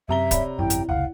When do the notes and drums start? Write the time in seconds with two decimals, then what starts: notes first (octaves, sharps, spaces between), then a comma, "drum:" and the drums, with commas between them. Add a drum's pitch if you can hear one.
0.09 F#2 C3 E5 A#5 G7
0.31 C#5 D5 B5, drum: kick D1, hi-hat
0.59 G#1 F#2 E4 G5
0.70 drum: hi-hat
0.89 F1 C#2 F5 F#5